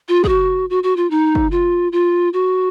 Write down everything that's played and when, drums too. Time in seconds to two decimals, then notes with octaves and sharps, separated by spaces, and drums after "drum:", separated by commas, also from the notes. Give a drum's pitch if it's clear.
0.09 F4
0.24 G#4, drum: kick
0.28 F#4
0.70 F#4
0.83 F#4
0.96 F4
1.11 D#4
1.35 drum: kick
1.51 F4
1.92 F4
2.33 F#4